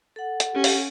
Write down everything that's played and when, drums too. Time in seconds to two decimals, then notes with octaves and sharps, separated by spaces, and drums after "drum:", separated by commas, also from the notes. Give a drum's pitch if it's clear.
0.16 A4 F#5
0.40 drum: hi-hat
0.55 C#4 G4
0.64 drum: open hi-hat